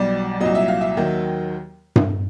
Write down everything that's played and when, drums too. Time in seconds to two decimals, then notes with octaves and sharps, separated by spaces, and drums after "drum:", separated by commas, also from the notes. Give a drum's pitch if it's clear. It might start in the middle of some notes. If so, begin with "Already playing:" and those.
Already playing: B1 B2 G3 D5
0.40 C2 A#2 F#3 D#5
0.55 E5
0.68 F5
0.81 E5
0.97 D#2 D#3 F#3
1.96 drum: tom G2